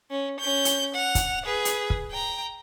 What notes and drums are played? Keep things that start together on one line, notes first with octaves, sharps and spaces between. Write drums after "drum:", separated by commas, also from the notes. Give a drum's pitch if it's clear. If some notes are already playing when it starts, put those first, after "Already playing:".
C#4
C#4 G6
drum: hi-hat
F#5 F7
drum: kick, hi-hat
G#4 B4
drum: hi-hat
drum: kick
G5 A#5